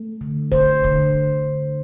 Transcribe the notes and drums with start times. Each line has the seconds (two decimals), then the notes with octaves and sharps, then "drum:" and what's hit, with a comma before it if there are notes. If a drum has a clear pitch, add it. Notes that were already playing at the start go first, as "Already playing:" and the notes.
Already playing: A3
0.21 D3
0.52 D3 C5, drum: kick
0.84 D3, drum: kick